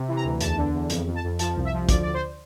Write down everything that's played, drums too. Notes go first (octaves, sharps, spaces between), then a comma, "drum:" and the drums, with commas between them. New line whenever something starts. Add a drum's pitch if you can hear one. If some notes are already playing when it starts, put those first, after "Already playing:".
Already playing: C3
E3
A#5
D2
E2 A5, drum: hi-hat
D3
E2
F2, drum: hi-hat
F2
A5
F2
F3 A5, drum: hi-hat
C2
E5
F3
D2 D5, drum: kick A1, hi-hat
D2 D5
C5